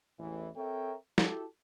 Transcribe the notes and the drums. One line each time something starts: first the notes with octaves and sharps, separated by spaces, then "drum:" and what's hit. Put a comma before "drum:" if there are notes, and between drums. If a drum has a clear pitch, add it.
A1 E2 E3
C4 A4 A#4 C#5 E5 G5
E4 F#4 G4 A4, drum: snare